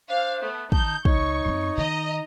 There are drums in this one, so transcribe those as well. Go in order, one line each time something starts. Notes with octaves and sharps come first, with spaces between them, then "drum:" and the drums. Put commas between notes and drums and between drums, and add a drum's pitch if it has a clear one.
D4 C5 F5
A3 B3
D#3 D#4 A5 G6, drum: kick
C#2 D#4 C#5 C#6, drum: kick
F#2 C4
D#3 D#5 A#5